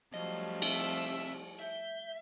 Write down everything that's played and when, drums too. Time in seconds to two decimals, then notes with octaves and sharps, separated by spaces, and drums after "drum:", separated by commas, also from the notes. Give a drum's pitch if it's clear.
0.14 F#2 F3 G3 A3 D#5
0.62 C3 E5 E6, drum: cymbal
1.60 E5 G6